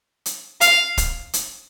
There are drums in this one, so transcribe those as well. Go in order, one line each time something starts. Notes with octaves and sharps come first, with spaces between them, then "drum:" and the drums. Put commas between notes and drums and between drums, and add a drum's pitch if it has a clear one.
drum: hi-hat
F5, drum: hi-hat
drum: kick, hi-hat
drum: hi-hat